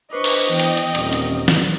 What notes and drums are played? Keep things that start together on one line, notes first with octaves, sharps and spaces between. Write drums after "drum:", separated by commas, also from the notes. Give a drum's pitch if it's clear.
D4 B4 C5 D#5 C#6 D6
drum: open hi-hat
E3 B3 G5
drum: hi-hat
drum: hi-hat
D#1 C4 C#4 A#4, drum: hi-hat
drum: hi-hat
drum: snare